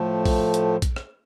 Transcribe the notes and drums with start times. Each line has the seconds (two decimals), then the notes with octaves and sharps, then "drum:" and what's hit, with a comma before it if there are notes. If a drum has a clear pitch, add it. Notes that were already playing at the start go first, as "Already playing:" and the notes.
Already playing: A2 F3 A3
0.25 drum: kick A#1, open hi-hat
0.54 drum: hi-hat
0.82 drum: kick A#1, hi-hat
0.96 drum: rim click